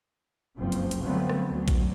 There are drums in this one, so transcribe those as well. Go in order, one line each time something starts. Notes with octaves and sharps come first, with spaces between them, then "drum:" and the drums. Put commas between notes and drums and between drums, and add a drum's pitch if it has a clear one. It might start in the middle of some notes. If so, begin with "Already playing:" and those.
F#1 C#2 G2 F3 C4
drum: hi-hat
drum: hi-hat
D3 F3 F#3 A3 B3 C4
drum: rim click
D2 F#3
drum: kick, hi-hat